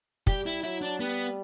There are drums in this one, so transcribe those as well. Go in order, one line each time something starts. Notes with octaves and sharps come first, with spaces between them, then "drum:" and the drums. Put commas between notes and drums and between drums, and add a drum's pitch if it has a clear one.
G3 G4, drum: kick
E4
F#3 E4
D4
G3 B3